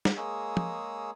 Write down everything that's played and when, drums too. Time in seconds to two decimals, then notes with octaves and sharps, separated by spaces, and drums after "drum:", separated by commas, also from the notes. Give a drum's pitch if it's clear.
0.05 drum: snare
0.17 G#3 A#3 G#4 C#5 D#6 E6
0.57 drum: tom